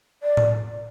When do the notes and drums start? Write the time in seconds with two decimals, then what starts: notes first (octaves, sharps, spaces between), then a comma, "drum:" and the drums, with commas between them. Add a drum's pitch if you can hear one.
0.23 D5
0.37 drum: tom A2